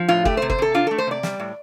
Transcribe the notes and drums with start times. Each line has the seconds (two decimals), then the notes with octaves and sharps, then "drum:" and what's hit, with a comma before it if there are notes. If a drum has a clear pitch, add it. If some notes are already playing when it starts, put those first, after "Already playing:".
Already playing: F3
0.08 A2 F4
0.25 A3 G4, drum: kick
0.37 C5
0.42 C3
0.50 C5, drum: kick
0.58 C3 A4
0.74 D4 F4
0.87 A3 A4
0.98 C5
1.07 C3 D5
1.23 G3, drum: snare
1.39 A2